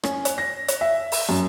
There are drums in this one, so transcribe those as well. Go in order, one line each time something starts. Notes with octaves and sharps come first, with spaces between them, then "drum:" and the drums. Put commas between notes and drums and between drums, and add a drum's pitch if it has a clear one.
C#4, drum: rim click
drum: hi-hat
A#6
drum: hi-hat
E5
drum: open hi-hat
F#2